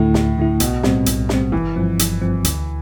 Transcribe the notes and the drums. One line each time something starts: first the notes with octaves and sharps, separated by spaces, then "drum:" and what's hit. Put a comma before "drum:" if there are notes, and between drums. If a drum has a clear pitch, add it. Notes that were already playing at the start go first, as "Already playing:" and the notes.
Already playing: D2 A2 D3 A3 E4
D2, drum: snare
D3 A3 E4
B1 B2, drum: hi-hat
A2 G3 C4, drum: snare
B1, drum: hi-hat
A2 G3 C4, drum: snare
G1 E3
G2 F3 C4
G1, drum: hi-hat
G2 F3 C4
D2, drum: hi-hat